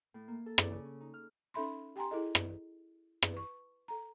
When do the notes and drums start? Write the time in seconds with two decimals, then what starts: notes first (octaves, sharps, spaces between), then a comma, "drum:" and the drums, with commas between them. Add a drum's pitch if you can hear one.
0.14 A2
0.28 A#3
0.46 A4
0.58 D5, drum: rim click
0.70 C#3
0.85 C#4
1.00 D#4
1.14 F6
1.54 C#4 D#4 A4 E5 B5 C6
1.96 G4 G5 G#5 A#5 C6
2.11 E4 G#4 A4 D#5
2.35 drum: rim click
3.23 drum: rim click
3.34 B4 C#6
3.88 A4 A#5